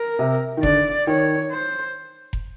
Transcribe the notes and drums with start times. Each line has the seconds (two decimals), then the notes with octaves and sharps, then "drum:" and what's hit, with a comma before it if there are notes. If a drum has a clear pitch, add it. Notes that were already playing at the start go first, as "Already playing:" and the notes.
Already playing: A#4
0.19 C3
0.57 D#3
0.63 D3 D5, drum: kick F1
1.07 D#3 C#5
1.51 C5
2.33 drum: kick F1